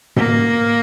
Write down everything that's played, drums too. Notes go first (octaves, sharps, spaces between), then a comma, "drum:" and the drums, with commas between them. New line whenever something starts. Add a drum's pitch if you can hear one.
A#3, drum: tom